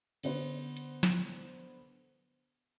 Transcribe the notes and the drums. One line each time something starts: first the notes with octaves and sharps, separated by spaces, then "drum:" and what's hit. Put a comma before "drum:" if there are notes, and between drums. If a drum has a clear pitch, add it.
D3 B3 C5, drum: cymbal
drum: hi-hat
drum: snare